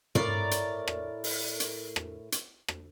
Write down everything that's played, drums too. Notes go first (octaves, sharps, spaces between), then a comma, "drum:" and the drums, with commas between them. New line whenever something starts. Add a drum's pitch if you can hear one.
A2 A#4 D5, drum: tom
drum: hi-hat
drum: rim click
drum: open hi-hat
drum: hi-hat
drum: rim click
drum: hi-hat
drum: rim click